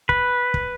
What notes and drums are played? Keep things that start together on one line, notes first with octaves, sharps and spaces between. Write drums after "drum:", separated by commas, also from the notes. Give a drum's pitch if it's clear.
B4, drum: kick
drum: kick